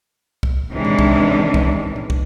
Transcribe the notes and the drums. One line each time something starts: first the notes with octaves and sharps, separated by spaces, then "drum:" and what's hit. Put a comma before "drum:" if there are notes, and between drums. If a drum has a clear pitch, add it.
drum: kick
C3 D#3 E3 G#3 C#4 D4
drum: tom A2
drum: kick
drum: kick
drum: tom A2
drum: kick